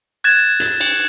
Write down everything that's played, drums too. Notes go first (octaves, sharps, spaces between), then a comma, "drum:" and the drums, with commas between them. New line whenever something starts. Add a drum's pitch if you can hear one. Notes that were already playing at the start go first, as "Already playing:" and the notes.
F#6 G#6 A6 E7
drum: hi-hat
drum: cymbal